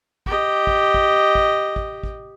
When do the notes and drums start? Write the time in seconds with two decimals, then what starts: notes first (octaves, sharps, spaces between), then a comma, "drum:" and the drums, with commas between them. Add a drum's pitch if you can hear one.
0.26 G4 D#5, drum: kick
0.67 drum: kick
0.94 drum: kick
1.35 drum: kick
1.76 drum: kick
2.03 drum: kick